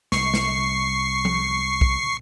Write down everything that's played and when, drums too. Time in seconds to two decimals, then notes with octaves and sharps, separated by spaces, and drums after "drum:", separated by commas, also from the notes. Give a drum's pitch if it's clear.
0.12 C2 C#6 C7, drum: snare
0.34 drum: snare
1.25 drum: tom F3
1.81 drum: kick